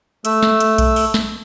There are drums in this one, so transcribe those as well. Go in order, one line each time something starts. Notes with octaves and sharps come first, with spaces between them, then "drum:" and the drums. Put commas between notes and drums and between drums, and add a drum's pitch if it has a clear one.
A3 E6, drum: hi-hat
drum: snare
drum: hi-hat
drum: kick B1, hi-hat
drum: open hi-hat
drum: snare